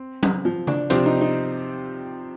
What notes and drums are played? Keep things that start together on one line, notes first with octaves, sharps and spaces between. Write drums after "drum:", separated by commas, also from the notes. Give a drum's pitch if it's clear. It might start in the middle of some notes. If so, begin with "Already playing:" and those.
Already playing: C4
drum: tom F#3
F3
D4, drum: tom C#3
C3 F3 C4 D4 G4 C5, drum: hi-hat
D#4
D#4